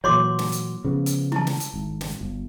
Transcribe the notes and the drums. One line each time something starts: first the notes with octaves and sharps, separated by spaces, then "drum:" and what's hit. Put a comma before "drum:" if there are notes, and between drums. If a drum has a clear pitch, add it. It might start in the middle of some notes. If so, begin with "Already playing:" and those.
A#2 E3 F#3 C#5 C6 D6
drum: snare
drum: hi-hat
C#3 F3 B3
drum: hi-hat
E4 A5, drum: tom E3
drum: snare
drum: hi-hat
G#1
drum: snare
G1